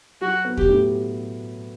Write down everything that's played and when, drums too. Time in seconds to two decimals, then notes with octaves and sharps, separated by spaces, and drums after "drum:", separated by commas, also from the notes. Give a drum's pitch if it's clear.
0.21 F#3 F#4
0.45 B3
0.57 G4, drum: kick E2
0.69 A2